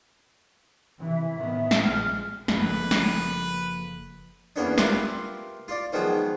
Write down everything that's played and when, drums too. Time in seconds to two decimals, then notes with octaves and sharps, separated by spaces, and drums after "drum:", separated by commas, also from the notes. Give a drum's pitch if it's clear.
1.00 C3 E3 E5
1.38 A2 D#3 B3
1.71 drum: snare
1.83 A#1 F2 G#3 F6
2.48 F#1 F3 A#3 A4 B4, drum: snare
2.91 drum: snare
4.56 E2 A#3 B3 C#4 D4
4.78 F4 G4 A#4 B4 E5 A#5, drum: snare
5.68 F4 D5
5.93 D#3 F3 F#3 G#3 B3